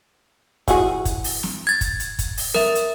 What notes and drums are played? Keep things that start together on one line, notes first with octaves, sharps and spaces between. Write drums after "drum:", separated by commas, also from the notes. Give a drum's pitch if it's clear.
E3 F#4 G#4, drum: kick, hi-hat
drum: kick, hi-hat
drum: open hi-hat
drum: snare
G#6 A6
drum: kick, hi-hat
drum: hi-hat
drum: kick, hi-hat
drum: open hi-hat
A#4 E5, drum: snare
drum: hi-hat